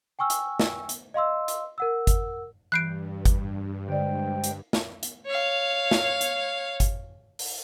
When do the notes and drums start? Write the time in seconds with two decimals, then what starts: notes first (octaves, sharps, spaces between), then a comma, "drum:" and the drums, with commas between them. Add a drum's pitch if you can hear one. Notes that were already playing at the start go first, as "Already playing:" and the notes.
0.19 G5 G#5 C#6 E6 F6
0.30 drum: hi-hat
0.59 drum: snare
0.89 drum: hi-hat
1.14 D#5 F5 C6 E6
1.48 drum: hi-hat
1.78 A#4 F#5 E6
2.07 drum: kick G1, hi-hat
2.72 G2 E3 B5 F#6 G6 C7 D7
3.25 drum: kick G1, hi-hat
3.88 D3 G#3 C5 D5 G5
4.44 drum: hi-hat
4.73 drum: snare
5.03 drum: hi-hat
5.26 C#5 F5
5.91 drum: snare
6.21 drum: hi-hat
6.80 drum: kick G1, hi-hat
7.39 drum: open hi-hat